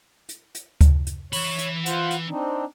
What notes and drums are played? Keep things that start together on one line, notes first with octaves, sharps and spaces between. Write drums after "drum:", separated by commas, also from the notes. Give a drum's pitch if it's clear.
drum: hi-hat
drum: hi-hat
drum: kick D2, hi-hat
drum: hi-hat
E3 C#5 B5, drum: open hi-hat
drum: hi-hat
F4 C5 F#5, drum: hi-hat
drum: hi-hat
C4 D4 D#4